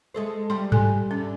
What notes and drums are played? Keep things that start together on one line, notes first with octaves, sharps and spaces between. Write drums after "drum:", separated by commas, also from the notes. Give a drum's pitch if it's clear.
G#3 A4 C5
G3 C6
A4 G#5, drum: tom G#2
D3 C#4